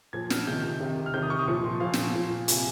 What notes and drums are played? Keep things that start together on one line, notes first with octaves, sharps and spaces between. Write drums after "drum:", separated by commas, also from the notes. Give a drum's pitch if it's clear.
A#2 F3 G#6
F6, drum: snare
C3 D#3 G6
C3 D#3
F6
C3 D#3 G6
D#6
C#6
D#6
A#2 F3 C#6
C6
A#2 F3 F5
drum: snare
A#2 F3
C3 F3 G#5, drum: hi-hat